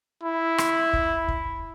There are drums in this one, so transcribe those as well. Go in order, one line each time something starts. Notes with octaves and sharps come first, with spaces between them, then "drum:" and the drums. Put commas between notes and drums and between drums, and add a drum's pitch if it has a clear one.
E4
drum: rim click
drum: kick
drum: kick